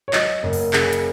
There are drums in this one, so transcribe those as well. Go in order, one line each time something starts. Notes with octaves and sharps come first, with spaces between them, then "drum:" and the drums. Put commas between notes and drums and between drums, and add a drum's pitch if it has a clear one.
C#5
F#3 D#5, drum: clap
F#1
drum: open hi-hat
C#3, drum: clap
drum: hi-hat